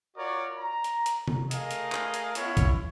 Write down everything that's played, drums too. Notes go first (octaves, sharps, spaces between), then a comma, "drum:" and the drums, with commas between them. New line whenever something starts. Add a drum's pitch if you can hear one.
F4 F#4 A#4 C#5 D5
A#5
drum: hi-hat
drum: hi-hat
drum: tom C3
A3 G#4 A#4 D#5 F5, drum: hi-hat
drum: hi-hat
drum: clap
drum: hi-hat
B3 C#4 E4 F4 C#5, drum: hi-hat
drum: kick B1, hi-hat